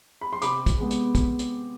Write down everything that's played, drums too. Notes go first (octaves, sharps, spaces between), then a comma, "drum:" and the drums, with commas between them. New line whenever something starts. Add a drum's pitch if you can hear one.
B5
C6
C3 B5 D6, drum: hi-hat
drum: kick, hi-hat
G#3 B3
drum: hi-hat
drum: kick, hi-hat
drum: hi-hat